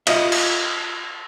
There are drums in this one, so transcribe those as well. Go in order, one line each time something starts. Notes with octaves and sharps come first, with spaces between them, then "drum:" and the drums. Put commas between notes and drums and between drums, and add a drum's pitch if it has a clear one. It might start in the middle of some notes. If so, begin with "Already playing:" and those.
F4 D#5 E5, drum: cymbal
drum: cymbal